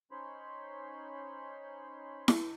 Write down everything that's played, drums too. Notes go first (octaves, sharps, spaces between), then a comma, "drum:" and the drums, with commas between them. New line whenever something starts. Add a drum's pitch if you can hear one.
C#4 D#4 C5 C#5 B5 C6
drum: snare E4